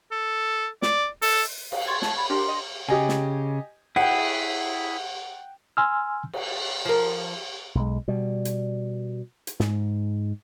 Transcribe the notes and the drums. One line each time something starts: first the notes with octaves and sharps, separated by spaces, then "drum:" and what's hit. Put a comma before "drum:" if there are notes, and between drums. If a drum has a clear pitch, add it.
A4
D5, drum: snare
A4, drum: open hi-hat
F5, drum: cymbal
C6 C#6 G#6 A6
A5, drum: snare
B5
D4 G4 A#4 C6
D#5
C#3 G4 D#5 G#5
drum: snare
E4 G#4 F#5 G5, drum: cymbal
G#5 C6 E6 F6
drum: cymbal
F3 A#4
B1 G#3
B2 G3
drum: hi-hat
drum: hi-hat
G#2, drum: snare